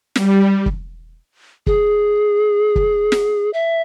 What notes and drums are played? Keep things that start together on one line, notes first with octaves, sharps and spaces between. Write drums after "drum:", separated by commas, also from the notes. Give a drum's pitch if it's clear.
G3, drum: snare
drum: kick
G#4, drum: kick
drum: kick
drum: snare
E5